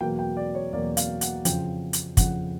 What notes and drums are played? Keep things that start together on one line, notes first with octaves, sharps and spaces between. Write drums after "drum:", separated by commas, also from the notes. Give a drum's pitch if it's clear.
E2 B2 F#3 A#3 G5
G5
D5
C#5
E2 B2 F#3 A#3 D5
F5, drum: hi-hat
F#5, drum: hi-hat
F2 C#3 F3 G5, drum: hi-hat
drum: hi-hat
F2 C#3 F3 F#5, drum: kick, hi-hat